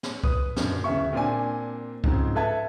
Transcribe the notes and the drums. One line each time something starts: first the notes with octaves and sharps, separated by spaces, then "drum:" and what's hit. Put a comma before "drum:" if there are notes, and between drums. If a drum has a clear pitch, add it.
drum: snare
B4 D#6, drum: kick
F#2 A#2 D3, drum: snare
D1 C#3 B3 E5 C#6
A#2 C4 D4 G#5
G#2 C#3 F3 C4, drum: kick
A4 B4 E5 A5 G#6